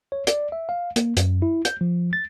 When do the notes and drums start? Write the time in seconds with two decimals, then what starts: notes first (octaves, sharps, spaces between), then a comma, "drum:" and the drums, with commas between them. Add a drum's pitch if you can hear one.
0.12 C#5
0.27 D5, drum: hi-hat
0.52 E5
0.69 F5
0.96 A#3, drum: hi-hat
1.17 F#2, drum: hi-hat
1.42 E4
1.65 G6, drum: hi-hat
1.81 F3
2.13 A6